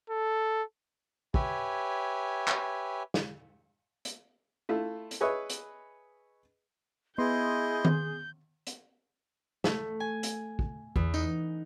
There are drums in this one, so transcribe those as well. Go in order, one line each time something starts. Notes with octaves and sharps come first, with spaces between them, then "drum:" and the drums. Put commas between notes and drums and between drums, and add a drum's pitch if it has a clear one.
A4
G4 B4 C#5 E5 G#5, drum: kick
drum: clap
drum: snare
drum: hi-hat
A3 E4 F4
drum: hi-hat
G#4 B4 C#5 D#5 E5
drum: hi-hat
B3 E4 G#4 D#5 C6 G6
drum: tom D#3
drum: hi-hat
A3, drum: snare
G#5
drum: hi-hat
drum: kick
E2, drum: kick
D#4, drum: tambourine